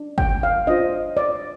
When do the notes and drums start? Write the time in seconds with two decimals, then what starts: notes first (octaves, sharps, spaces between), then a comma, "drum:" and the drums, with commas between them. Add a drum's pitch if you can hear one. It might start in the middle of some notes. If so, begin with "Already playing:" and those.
Already playing: D4
0.18 G5, drum: kick
0.43 F5
0.67 D4 F4 C5 D#5
1.17 D5